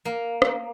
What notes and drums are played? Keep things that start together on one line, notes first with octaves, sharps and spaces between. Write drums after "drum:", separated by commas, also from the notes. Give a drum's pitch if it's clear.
A#3
drum: rim click